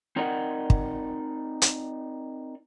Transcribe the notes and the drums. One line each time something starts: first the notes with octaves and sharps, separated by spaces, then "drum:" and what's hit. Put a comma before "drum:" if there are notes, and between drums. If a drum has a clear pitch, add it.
C4 D#4 A#4 D5 D#5 F#5
drum: kick
drum: hi-hat